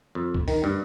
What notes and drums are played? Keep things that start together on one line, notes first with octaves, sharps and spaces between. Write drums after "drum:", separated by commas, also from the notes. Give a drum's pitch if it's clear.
F2
drum: kick C2
D#3, drum: open hi-hat
G2, drum: tom